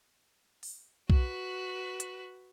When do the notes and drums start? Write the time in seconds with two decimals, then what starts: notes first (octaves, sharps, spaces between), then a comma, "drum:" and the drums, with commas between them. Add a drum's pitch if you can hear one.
0.63 drum: open hi-hat
1.10 F#4 B4, drum: kick B1
2.00 drum: hi-hat